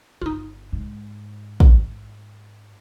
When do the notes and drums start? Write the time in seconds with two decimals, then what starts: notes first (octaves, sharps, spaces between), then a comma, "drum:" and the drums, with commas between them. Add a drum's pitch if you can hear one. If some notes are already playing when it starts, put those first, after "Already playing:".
0.22 G1 D#4 F4
0.72 G#2
1.60 drum: kick